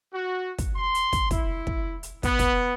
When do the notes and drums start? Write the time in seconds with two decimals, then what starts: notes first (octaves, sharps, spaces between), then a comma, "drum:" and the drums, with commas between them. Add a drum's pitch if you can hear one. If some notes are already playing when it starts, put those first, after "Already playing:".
0.12 F#4
0.58 drum: kick, hi-hat
0.75 C6
0.95 drum: hi-hat
1.13 drum: kick, hi-hat
1.31 E4, drum: kick, hi-hat
1.67 drum: kick
2.03 drum: hi-hat
2.23 B3, drum: kick, hi-hat
2.39 drum: kick, hi-hat